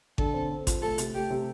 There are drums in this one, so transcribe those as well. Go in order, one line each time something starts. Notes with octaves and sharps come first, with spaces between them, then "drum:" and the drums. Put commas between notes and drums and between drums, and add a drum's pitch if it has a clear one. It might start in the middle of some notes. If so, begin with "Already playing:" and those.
D3 A4, drum: kick G#1
C4
C4
F4, drum: kick G#1, hi-hat
A3 A4
C3, drum: hi-hat
A3 G4
C3